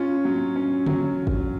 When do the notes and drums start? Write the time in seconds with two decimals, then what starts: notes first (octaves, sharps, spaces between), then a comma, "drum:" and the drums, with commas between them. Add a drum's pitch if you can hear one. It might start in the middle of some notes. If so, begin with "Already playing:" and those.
Already playing: C#4 F4
0.25 F#3
0.56 C#4
0.86 F#3, drum: tom C#3
1.27 drum: kick